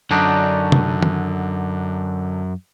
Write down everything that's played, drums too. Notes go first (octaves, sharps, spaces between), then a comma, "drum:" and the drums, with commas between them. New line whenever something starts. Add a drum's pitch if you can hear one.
F#2 D3 D4 D#4
drum: tom C3
drum: tom D#3